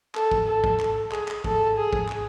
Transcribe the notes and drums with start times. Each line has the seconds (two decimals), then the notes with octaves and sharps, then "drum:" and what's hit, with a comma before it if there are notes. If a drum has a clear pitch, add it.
0.15 A4, drum: clap
0.31 drum: kick
0.47 A4
0.64 drum: kick
0.80 drum: clap
1.11 G#4, drum: clap
1.28 drum: clap
1.44 A4, drum: kick
1.77 G#4
1.93 drum: kick
2.09 drum: clap